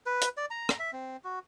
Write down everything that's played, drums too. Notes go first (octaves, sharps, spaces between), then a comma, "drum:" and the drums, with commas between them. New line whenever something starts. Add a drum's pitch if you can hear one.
B4
drum: hi-hat
D5
A#5
drum: rim click
E5
C4
F#4